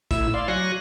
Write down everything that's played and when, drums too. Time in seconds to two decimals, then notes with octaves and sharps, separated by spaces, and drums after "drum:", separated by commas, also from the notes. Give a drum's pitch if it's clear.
0.11 A2 E4 E6, drum: kick, hi-hat
0.34 D5 F5 C6
0.48 F#3 G#5 C#6 F#6 A#6